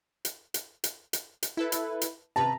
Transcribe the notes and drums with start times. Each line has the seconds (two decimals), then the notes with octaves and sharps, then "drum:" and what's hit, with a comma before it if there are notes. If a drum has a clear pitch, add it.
0.25 drum: hi-hat
0.54 drum: hi-hat
0.84 drum: hi-hat
1.13 drum: hi-hat
1.43 drum: hi-hat
1.57 E4 A4 B4
1.72 drum: hi-hat
2.01 drum: hi-hat
2.36 C3 B4 A5 A#5